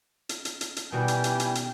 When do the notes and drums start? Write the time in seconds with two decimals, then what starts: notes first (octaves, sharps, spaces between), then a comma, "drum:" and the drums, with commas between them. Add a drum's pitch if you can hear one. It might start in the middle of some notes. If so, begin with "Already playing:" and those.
0.29 drum: hi-hat
0.45 drum: hi-hat
0.61 drum: hi-hat
0.77 drum: hi-hat
0.92 B2 D#3 E3 G3 F#4 G5 G#5
1.08 drum: hi-hat
1.24 drum: hi-hat
1.40 drum: hi-hat
1.55 drum: hi-hat